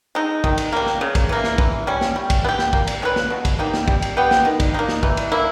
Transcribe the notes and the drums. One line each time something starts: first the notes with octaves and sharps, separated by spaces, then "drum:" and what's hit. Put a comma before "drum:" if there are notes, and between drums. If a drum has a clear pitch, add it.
G#3 D#4
D#3, drum: kick
drum: cymbal
G3 A#3
drum: snare
C#3
drum: kick, cymbal
E3 A#3
drum: snare
E3, drum: kick
G3 C#4
drum: snare
G3
drum: kick, cymbal
B3
G4
drum: snare
A#3, drum: kick
drum: cymbal
C#4 G#4 B4
drum: snare
B2
drum: kick, cymbal
A#3 D#4 G4
drum: snare
G3, drum: kick
drum: cymbal
B3 G4
drum: snare
D#3
drum: kick, cymbal
A#3 D#4
drum: snare
E3, drum: kick
drum: cymbal
A#3 E4